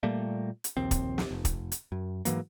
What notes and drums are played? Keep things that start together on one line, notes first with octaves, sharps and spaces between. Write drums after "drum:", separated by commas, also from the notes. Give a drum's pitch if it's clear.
A#2 G3 A3 A#3
drum: hi-hat
A#1 D#2 C4
drum: kick, hi-hat
drum: snare
F1
drum: kick, hi-hat
drum: hi-hat
F#2
G#2 E3 F#3 A#3, drum: hi-hat